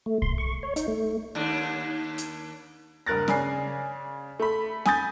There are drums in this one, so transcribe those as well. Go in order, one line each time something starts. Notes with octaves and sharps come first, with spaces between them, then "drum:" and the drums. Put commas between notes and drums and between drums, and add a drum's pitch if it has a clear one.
A3
C6, drum: kick
C#6
C#5
D#4, drum: hi-hat
A3
D#2 D4
drum: hi-hat
F#1 G2 A#4 F#6 A6 A#6
C#3 D5 G#5 C7, drum: snare C#4
A3 B5
G#5 B5 D#6 G6 A6, drum: snare C#4